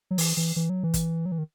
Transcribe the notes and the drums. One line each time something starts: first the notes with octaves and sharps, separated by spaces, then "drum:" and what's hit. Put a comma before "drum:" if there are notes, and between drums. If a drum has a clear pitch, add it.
F#3
E3, drum: open hi-hat
E3
E3
F#3
E3
drum: kick, hi-hat
F#3
E3
D#3